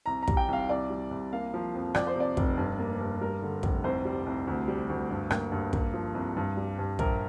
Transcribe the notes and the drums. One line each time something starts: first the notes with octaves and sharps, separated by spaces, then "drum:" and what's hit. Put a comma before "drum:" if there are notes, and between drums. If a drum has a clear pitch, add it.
C2 A#5
A#5
G3, drum: kick
G5
C2 F5
C2 D5
G3
C2
A#3 F5
F3
F2
F3 D5, drum: rim click
C5
C3 D5
F1, drum: kick
G2
A#3
G2
G3 A#4
D3
F1, drum: kick
C2 C5
G3
C2
D2
G3
D2
G2
A#3, drum: rim click
G2
A#3, drum: kick
F3
C2
G2
G3
G2
A#1 A#4, drum: kick